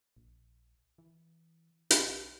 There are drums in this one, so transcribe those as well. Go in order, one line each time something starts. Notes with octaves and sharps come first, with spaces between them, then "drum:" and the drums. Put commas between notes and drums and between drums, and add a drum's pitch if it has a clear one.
A#1
E3
B1, drum: hi-hat